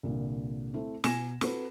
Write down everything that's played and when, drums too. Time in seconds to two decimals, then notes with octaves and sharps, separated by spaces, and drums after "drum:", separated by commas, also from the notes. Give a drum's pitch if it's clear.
0.03 C2 A#2 D3
0.74 A3 C4 E4
1.04 B2 G#5 A#6 E7, drum: snare
1.41 C4 F#4 A4 B4, drum: snare